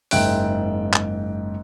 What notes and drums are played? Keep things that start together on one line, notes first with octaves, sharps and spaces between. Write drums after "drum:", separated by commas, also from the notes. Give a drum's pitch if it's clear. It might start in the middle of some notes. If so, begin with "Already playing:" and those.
F#1 G#2 E5 G5 F#6 D7, drum: open hi-hat
drum: clap